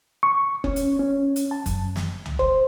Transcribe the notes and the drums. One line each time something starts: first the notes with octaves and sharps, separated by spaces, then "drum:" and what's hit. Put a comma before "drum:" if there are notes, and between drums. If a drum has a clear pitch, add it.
C#6
C#4, drum: kick F#1
drum: hi-hat
C#4
drum: hi-hat
A5
F#2, drum: kick F#1, hi-hat
drum: snare
drum: tom C2
C5, drum: kick F#1